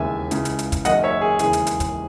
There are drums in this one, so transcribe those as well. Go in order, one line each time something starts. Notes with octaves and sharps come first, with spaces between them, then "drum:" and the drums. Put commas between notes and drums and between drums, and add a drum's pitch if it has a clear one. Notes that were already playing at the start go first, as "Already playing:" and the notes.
Already playing: E1 D#2 C#3 E3 E5 G#5
C#2 C#3 E3, drum: hi-hat
drum: hi-hat
drum: hi-hat
drum: kick, hi-hat
F#1 F#2 D#3 D#5 F#5, drum: hi-hat
C#5 E5
G#4
E1 D#2 C#3 E3 G#4, drum: hi-hat
drum: hi-hat
drum: hi-hat
drum: kick, hi-hat